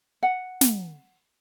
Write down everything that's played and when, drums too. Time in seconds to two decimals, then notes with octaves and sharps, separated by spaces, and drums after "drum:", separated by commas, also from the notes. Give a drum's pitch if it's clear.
0.23 F#5
0.61 drum: snare